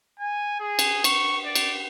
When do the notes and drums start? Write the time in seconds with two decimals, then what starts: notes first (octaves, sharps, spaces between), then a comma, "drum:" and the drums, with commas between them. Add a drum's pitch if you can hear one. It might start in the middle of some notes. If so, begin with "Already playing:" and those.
0.19 G#5
0.60 G#4
0.79 drum: cymbal
1.04 C#6, drum: cymbal
1.45 D5
1.55 drum: cymbal